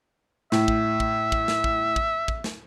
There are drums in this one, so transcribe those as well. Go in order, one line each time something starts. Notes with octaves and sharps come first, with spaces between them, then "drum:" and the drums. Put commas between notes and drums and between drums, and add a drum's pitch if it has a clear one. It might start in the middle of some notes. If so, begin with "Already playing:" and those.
A2 E5, drum: snare
drum: kick
drum: kick
drum: kick
drum: snare
drum: kick
drum: kick
drum: kick
drum: snare